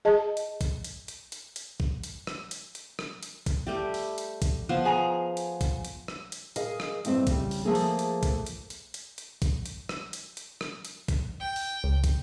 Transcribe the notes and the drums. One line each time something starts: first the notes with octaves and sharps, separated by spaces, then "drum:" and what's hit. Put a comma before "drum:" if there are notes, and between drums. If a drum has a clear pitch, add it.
G#4 D#5 A5
drum: hi-hat
drum: kick, hi-hat
drum: hi-hat
drum: hi-hat
drum: hi-hat
drum: hi-hat
drum: kick
drum: hi-hat
drum: rim click
drum: hi-hat
drum: hi-hat
drum: rim click
drum: hi-hat
drum: kick, hi-hat
G3 A3 G4
drum: open hi-hat
drum: hi-hat
drum: kick, hi-hat
F3 B3 C6
G#4 G#5 A#5
drum: hi-hat
drum: kick, hi-hat
drum: hi-hat
drum: rim click
drum: hi-hat
G#4 A#4 D#5 F5, drum: hi-hat
drum: rim click
E2 G2 A3 C4, drum: hi-hat
C#3 G3, drum: kick, hi-hat
drum: open hi-hat
F3 A3 A#3 G#4 A4
drum: open hi-hat
drum: hi-hat
drum: kick, hi-hat
drum: hi-hat
drum: hi-hat
drum: hi-hat
drum: hi-hat
drum: kick, hi-hat
drum: hi-hat
drum: rim click
drum: hi-hat
drum: hi-hat
drum: rim click
drum: hi-hat
drum: kick, hi-hat
G5
drum: open hi-hat
C#2
drum: kick, hi-hat